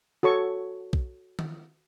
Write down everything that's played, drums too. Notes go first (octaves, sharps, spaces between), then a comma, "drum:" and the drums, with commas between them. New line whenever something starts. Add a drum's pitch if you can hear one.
F#4 A4 C#5 C#6
drum: kick B1
drum: tom D#3